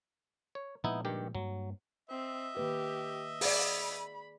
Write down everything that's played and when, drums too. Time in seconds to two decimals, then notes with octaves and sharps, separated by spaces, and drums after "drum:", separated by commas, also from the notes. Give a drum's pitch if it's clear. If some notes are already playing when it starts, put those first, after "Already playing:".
0.55 C#5
0.84 A#2 F3 G#3 B3 D#4 E4
1.05 G2 D#3 G4
1.35 G2 F#3 A#3
2.10 C4 D#5 E5
2.57 D#3 A#3 G4 B4
3.41 G#4 D5 B5, drum: open hi-hat